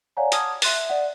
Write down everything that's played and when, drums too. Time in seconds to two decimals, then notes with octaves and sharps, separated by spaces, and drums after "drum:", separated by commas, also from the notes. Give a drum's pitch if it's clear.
0.17 C#5 D5 F5 F#5 G#5 A#5
0.32 F#5 A5 D6 D#6 F6 G#6, drum: hi-hat
0.62 E5 C6 F#6 A6, drum: open hi-hat
0.75 E5
0.89 D5 F#5